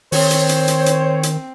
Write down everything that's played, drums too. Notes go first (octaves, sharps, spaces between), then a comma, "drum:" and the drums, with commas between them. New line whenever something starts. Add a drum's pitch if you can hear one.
D#3 C4 C5 C#5, drum: open hi-hat
drum: hi-hat
drum: hi-hat
drum: hi-hat
drum: hi-hat
drum: hi-hat